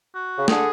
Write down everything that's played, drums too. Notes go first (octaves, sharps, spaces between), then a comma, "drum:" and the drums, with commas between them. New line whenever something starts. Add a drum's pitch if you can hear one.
F#4
C#3
D3 G#4, drum: snare